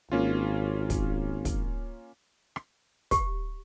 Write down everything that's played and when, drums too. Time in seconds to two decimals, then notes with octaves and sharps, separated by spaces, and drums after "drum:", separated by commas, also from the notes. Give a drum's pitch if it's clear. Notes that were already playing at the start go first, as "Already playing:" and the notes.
0.12 G#1 A#3 C#4 F4
0.90 drum: kick, hi-hat
1.45 drum: kick, hi-hat
2.56 drum: rim click
3.11 G4, drum: kick, hi-hat